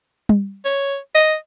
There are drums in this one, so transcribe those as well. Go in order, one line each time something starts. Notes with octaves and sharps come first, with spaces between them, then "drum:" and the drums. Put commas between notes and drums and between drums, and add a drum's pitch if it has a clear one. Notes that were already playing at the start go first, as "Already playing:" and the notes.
drum: tom G3
C#5
D#5